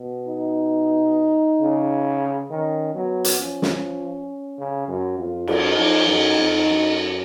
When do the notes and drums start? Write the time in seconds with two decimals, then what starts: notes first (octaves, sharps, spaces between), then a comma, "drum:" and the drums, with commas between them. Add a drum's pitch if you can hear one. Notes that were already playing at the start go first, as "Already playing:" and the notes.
Already playing: B2
0.28 D#4
1.60 C#3
2.50 D#3 C#4
2.95 F#3 B3
3.24 drum: hi-hat
3.39 F3 C#4
3.62 drum: snare
4.58 C#3
4.88 F#2
5.18 F2 F4
5.47 F#2, drum: cymbal
5.63 D#4
5.78 F3
6.07 F#2 D#4
6.37 F2
6.52 D#4
6.66 F#2